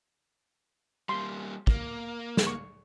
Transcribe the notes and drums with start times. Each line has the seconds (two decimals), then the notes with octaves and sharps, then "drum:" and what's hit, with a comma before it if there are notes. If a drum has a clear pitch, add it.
1.09 G3 A#3 C6
1.67 A#3, drum: kick
2.37 drum: snare
2.47 C#6